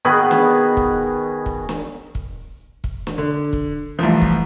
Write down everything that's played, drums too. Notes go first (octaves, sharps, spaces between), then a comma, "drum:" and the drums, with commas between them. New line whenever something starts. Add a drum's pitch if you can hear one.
B2 D#3 G#4 B4
drum: snare
drum: kick
drum: kick
drum: snare
drum: kick
drum: kick
drum: snare
D3
drum: kick
C2 E3 F3 A3
drum: kick